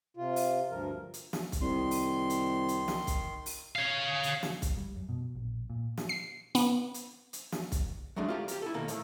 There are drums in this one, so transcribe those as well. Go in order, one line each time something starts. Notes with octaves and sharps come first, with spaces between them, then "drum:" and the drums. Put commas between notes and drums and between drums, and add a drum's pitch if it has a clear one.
C3 F4
drum: open hi-hat
D2 G2 F3 A#4
drum: hi-hat
drum: snare
drum: kick B1, hi-hat
C2 D#3 C6
drum: open hi-hat
drum: hi-hat
drum: hi-hat
drum: snare
drum: kick B1, hi-hat
drum: open hi-hat
C#5 F5
drum: hi-hat
drum: snare
drum: kick B1, hi-hat
G3
F#2
B2
A#1
A#2
drum: snare
C7
B3, drum: open hi-hat
drum: hi-hat
drum: hi-hat
drum: snare
drum: kick B1, hi-hat
F#3 G#3 A3 D4
F4 G4 A#5
G4 A#5, drum: hi-hat
E4 A4
D#2 B2 A#3 D#4
A2 A3, drum: hi-hat